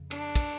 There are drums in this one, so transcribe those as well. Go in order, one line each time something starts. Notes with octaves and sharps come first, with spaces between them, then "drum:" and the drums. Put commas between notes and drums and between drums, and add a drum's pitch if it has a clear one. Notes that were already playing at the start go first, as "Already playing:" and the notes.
Already playing: F2 C#3
D4, drum: cymbal
drum: kick, cymbal